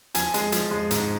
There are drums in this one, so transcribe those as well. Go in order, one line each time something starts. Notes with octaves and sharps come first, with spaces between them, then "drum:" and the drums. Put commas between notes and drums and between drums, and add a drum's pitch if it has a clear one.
F3 G#5, drum: hi-hat
G#3, drum: hi-hat
F3, drum: hi-hat
G#3
G#2, drum: hi-hat